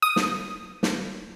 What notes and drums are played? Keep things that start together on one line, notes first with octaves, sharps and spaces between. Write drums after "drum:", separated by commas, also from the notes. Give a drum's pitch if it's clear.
D#6
drum: snare
drum: snare